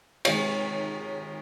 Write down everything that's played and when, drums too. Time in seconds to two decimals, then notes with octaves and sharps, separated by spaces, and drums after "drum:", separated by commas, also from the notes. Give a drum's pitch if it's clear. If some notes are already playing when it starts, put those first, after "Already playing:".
0.25 C3 D#3 G#3 C#5, drum: cymbal